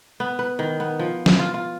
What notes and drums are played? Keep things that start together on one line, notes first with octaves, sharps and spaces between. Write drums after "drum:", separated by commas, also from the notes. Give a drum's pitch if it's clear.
B3
B4
D#3
B3
F3
drum: snare
F4
F4